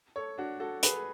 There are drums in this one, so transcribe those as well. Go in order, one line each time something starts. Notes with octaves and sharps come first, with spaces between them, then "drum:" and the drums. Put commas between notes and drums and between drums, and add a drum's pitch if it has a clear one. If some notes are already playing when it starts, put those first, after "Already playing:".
A4 C#5
D4 F#4
F#4 A4
G#4 B4, drum: hi-hat